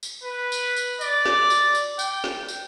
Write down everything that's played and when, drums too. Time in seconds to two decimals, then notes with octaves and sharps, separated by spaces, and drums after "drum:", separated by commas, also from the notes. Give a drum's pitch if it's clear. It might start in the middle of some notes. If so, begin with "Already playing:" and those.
0.03 drum: tambourine
0.23 B4
0.52 drum: tambourine
0.76 drum: tambourine
1.01 D5, drum: tambourine
1.26 drum: snare
1.50 drum: tambourine
1.75 drum: tambourine
1.99 G5, drum: tambourine
2.24 drum: snare
2.48 drum: tambourine